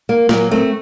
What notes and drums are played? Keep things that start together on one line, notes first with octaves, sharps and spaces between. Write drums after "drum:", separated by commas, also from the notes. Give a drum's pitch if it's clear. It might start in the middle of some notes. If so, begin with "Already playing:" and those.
A#3
A#2 F#3 A#3, drum: snare
A3 C4